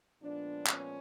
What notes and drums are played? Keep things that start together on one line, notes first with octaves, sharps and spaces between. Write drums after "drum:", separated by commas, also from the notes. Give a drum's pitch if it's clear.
A#2 F3 G#3 B3 D4
C#4, drum: clap